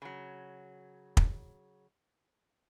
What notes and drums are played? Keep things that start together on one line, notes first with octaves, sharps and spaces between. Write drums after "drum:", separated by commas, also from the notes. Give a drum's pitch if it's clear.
C#3 F#3
drum: kick